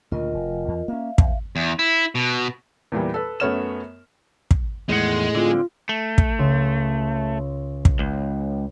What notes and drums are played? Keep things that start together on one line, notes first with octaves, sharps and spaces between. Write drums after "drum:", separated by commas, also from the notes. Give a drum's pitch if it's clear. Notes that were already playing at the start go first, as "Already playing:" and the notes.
D2 A#2 C#3 F4 A#4 D#5
F1
E2
A#3 C#4 E5 F5
E2, drum: kick
E2
E4
B2
E2 A#2 E3 G3
A4 B4
F#2 A3 B3 C#5 F6 E7
drum: kick
E2 A2 D#3 G#3 F#5
D3 C4 F4
A3
drum: kick
C#2 C6
drum: kick
C#2